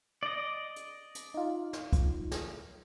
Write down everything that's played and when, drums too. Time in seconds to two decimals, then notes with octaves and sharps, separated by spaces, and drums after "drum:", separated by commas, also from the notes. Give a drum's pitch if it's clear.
0.23 D5 D#5
0.76 drum: hi-hat
1.15 drum: hi-hat
1.34 D#4 F4
1.73 drum: snare
1.93 drum: kick, hi-hat
2.31 drum: snare